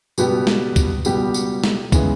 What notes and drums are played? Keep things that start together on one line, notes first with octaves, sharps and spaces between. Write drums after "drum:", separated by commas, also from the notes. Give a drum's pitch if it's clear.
C#2 B2 G3 B3 G4, drum: tambourine
drum: snare
drum: kick C2, tambourine
C#2 B2 G3 B3 G4, drum: tambourine
drum: tambourine
drum: snare
C#3 E3 G#3 B3, drum: kick C2, tambourine